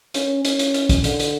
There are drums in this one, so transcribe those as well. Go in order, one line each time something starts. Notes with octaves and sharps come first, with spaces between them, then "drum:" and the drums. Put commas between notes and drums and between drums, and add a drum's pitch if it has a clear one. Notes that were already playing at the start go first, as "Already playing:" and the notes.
C#4, drum: hi-hat
C#4, drum: hi-hat
drum: hi-hat
drum: hi-hat
drum: kick, hi-hat
D3, drum: hi-hat
drum: hi-hat